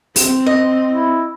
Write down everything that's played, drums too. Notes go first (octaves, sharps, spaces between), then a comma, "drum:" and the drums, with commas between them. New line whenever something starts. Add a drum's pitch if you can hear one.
C4, drum: open hi-hat
D#5
E4